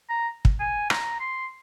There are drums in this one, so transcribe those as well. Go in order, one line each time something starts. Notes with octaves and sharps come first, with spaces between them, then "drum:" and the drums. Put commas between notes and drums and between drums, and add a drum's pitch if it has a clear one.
A#5
drum: kick
G#5
A#5, drum: rim click
C6